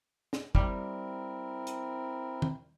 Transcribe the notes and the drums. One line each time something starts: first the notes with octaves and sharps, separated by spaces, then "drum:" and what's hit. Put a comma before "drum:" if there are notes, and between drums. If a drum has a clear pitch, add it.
drum: snare
G3 C4 E4 A#4, drum: kick
drum: hi-hat
drum: tom D#3